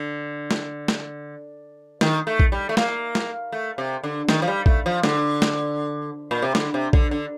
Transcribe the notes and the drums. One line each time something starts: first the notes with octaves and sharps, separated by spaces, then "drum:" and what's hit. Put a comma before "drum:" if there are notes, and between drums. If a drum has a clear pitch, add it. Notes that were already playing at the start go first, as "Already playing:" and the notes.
Already playing: D3
drum: snare
drum: snare
D#3, drum: snare
A3
drum: kick A#1
G3
A3
A#3, drum: snare
drum: snare
A3
C3
D3
D#3, drum: snare
F3
G3
A3, drum: kick A#1
F3
D3, drum: snare
drum: snare
A#2
C3
D3, drum: snare
C3
D3, drum: kick A#1
D3